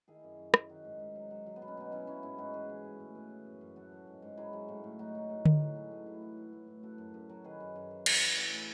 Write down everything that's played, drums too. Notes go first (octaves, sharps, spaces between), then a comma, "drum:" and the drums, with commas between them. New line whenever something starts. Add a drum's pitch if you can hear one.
D#3 E4 G#4
F#2
F#2
F#3, drum: rim click
D#3 D#4 F#4
G#2
G#2
F#3
F#3
F#3
B3
B2
C#4
B2 D#4
F#3 C#4 E4
F#3 C#4 E4
G#2 C#4 E4
G#2 D#4 F#4
E3 G#4 B4
E3
A2
A2
E3 G#4 B4
E3
F#2
F#2
F#3 F#4 A4
F#3
G#2
G#2
F#3 E4 G#4
F#3
A2
A2
F#3 D#4 F#4
F#3
A2
A2, drum: tom D3
F#3 G#4 B4
F#3 F#4 A4
A2 E4 G#4
A2 E4 G#4
E3 F#4 A4
E3
A2
A2
C#3 F#4 A4
F#2
F#2
F#3
D#3 G#4 B4
F#2
F#2
F#3
E3, drum: cymbal
E3
A2 E4 G#4
A2